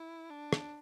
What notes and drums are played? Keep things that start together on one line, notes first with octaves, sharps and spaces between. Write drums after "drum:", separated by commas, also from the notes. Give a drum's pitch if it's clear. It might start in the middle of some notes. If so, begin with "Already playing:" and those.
Already playing: E4
D4
drum: rim click